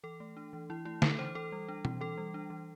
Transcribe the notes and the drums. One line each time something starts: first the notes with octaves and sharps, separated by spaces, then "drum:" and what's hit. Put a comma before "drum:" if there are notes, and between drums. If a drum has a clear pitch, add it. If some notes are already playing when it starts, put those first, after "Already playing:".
E3 A4
A3
D4
E3
E3 E4
A3 E4
D4 A4, drum: snare
E3 C5
E3 A4
G3
D4
E3, drum: tom B2
E3 A4
G3
D4
E3